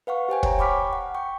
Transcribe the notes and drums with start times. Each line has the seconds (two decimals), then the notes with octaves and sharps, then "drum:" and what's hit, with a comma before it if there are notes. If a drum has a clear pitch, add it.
0.07 B4 F5 F#5 C#6
0.29 G4 C5 G5 G#5
0.43 C#5 G#5 A#5, drum: kick
0.59 G5 B5 C#6 D6 F6 B6
0.93 F#5
1.15 G5 C#6